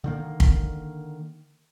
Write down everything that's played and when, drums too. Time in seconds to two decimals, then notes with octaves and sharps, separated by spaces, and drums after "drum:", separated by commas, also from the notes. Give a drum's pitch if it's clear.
0.04 D3 D#3 A#3
0.40 drum: kick